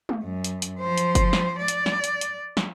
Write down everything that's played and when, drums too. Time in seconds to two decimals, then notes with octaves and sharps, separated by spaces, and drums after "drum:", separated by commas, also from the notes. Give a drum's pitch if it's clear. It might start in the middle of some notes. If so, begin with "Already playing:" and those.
0.09 drum: tom G#3
0.23 F#2
0.44 drum: hi-hat
0.62 drum: hi-hat
0.80 F3 C5
0.98 drum: hi-hat
1.15 drum: kick F#1, hi-hat
1.33 drum: snare
1.59 D5
1.68 drum: hi-hat
1.86 drum: snare
2.04 drum: hi-hat
2.21 drum: hi-hat
2.57 drum: snare